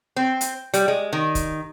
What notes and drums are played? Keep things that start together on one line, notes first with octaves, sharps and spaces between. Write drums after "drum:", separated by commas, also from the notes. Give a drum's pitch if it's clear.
C4
drum: hi-hat
G3, drum: hi-hat
G#3
D#3
drum: kick, hi-hat